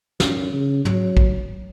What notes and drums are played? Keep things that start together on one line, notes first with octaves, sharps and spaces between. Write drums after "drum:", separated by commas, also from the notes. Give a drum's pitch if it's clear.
F#2, drum: snare
C#3
F#3, drum: tom
drum: kick